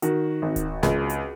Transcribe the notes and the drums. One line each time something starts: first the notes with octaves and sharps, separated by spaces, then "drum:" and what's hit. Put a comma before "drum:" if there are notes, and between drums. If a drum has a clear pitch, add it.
D#3 F#4, drum: hi-hat
G#1
drum: kick D1, hi-hat
C#2, drum: snare
drum: hi-hat